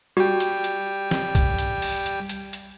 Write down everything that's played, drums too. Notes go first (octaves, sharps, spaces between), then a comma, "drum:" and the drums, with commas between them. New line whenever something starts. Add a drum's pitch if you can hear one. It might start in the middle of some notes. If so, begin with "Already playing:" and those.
G3 F#4 G5
drum: hi-hat
drum: hi-hat
drum: snare
drum: kick B1, hi-hat
drum: hi-hat
drum: open hi-hat
drum: hi-hat
drum: hi-hat
drum: hi-hat